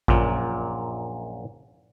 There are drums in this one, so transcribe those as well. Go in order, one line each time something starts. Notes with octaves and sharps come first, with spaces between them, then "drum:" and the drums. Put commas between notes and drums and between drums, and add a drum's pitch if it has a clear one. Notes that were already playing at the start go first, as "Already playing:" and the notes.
A#1 F#2 A#2, drum: kick A1